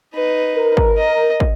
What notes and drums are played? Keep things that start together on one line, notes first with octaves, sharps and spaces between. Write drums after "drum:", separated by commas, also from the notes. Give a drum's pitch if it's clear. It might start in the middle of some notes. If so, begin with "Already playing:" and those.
D#4 B4
A#4
drum: kick
D#5
drum: kick